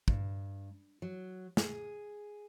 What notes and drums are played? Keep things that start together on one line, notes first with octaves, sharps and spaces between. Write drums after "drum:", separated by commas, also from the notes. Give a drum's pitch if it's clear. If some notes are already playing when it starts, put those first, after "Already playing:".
G2, drum: kick
F#3
G#4, drum: snare